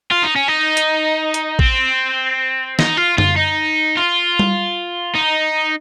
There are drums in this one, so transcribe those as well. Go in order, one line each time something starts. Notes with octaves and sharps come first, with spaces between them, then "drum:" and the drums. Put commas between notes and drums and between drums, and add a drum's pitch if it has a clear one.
F4
D#4
C#4
D#4
drum: hi-hat
drum: hi-hat
C4, drum: kick
D#4, drum: snare
F4
F4, drum: tom F#2
D#4
F4
drum: tom G3
D#4